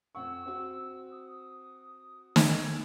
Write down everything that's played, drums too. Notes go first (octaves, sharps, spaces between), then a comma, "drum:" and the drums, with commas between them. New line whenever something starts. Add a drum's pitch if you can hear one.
F2 F#5 C#6 E6
C4 F#4
D#6
drum: snare
G#6